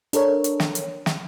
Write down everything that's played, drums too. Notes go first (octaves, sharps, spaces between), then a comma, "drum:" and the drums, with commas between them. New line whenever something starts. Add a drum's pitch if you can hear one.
D4 A4 A#4 C#5, drum: hi-hat
drum: hi-hat
drum: snare
drum: hi-hat
drum: snare